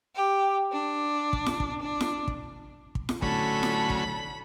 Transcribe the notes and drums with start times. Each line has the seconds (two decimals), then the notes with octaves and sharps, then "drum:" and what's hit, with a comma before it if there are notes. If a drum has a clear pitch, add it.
0.14 G4
0.72 D4
1.33 drum: kick
1.46 drum: snare
1.60 drum: kick
1.81 D4
2.01 drum: snare
2.28 drum: kick
2.95 drum: kick
3.09 drum: snare
3.22 A2 D3 F#3 C#4 A4 B5, drum: kick
3.63 drum: snare
3.90 drum: kick